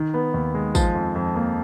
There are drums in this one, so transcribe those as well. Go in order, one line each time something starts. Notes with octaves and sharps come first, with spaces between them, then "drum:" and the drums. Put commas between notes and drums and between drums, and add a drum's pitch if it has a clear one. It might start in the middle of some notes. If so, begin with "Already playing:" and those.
Already playing: D#3
B3
D#2
G#3
F3, drum: kick, tambourine
F2
F2
A#3